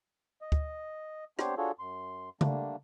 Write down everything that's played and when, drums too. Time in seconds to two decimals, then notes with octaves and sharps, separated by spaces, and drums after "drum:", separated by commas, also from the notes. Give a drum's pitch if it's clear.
0.41 D#5
0.52 drum: kick D2
1.39 B3 C4 D4 G4 C5 C#5, drum: rim click
1.57 D4 F4 F#4 G#4 A4 C#5
1.79 F#2 C6
2.41 D3 G3 A3 A#3 D4, drum: tom C#3